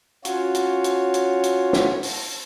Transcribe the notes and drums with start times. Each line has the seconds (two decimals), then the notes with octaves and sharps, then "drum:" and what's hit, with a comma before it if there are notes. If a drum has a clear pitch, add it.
0.25 C#4 F4 F#4 C#5, drum: hi-hat
0.55 drum: hi-hat
0.84 drum: hi-hat
1.14 drum: hi-hat
1.44 drum: hi-hat
1.73 drum: snare
2.03 drum: open hi-hat